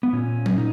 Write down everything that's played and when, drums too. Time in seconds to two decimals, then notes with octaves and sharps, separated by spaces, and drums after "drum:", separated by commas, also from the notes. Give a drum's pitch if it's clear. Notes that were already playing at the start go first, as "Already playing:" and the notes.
0.03 B3
0.13 A#2 C#4
0.46 drum: tom F#3
0.57 A#2 D#4